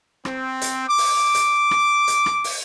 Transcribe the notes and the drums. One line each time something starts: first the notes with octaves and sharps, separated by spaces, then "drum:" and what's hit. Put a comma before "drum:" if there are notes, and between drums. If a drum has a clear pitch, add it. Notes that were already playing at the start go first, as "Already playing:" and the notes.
C4, drum: rim click
drum: hi-hat
D6
drum: open hi-hat
drum: hi-hat
drum: rim click
drum: hi-hat
drum: rim click
drum: open hi-hat